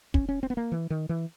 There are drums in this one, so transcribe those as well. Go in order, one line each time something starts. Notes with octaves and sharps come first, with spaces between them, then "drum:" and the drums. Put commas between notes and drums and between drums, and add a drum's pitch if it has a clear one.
C#4, drum: kick
C#4
C4
B3
A#3
E3
D#3
E3